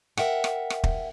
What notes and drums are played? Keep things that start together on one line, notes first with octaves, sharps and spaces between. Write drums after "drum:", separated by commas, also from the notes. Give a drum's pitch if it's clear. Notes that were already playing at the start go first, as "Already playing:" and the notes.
A#4 E5 F#5 G5, drum: rim click
drum: rim click
drum: rim click
drum: kick